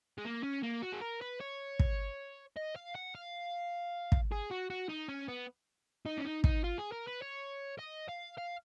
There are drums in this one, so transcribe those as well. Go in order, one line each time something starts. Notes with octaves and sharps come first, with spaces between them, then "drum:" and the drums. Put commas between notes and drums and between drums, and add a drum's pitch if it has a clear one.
G#3
A#3
C#4
A#3
F#4
G#4
A#4
B4
C#5
drum: kick
D#5
F5
F#5
F5
drum: kick
G#4
F#4
F#4
D#4
C#4
B3
D#4
C#4
D#4
D#4, drum: kick
F4
G#4
A#4
B4
C#5
D#5
F5
F5